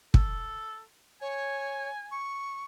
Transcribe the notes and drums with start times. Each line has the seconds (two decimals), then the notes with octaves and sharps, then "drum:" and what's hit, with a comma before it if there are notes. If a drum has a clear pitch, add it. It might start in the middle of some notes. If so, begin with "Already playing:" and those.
0.14 A4, drum: kick
1.21 C#5 G#5
2.11 C#6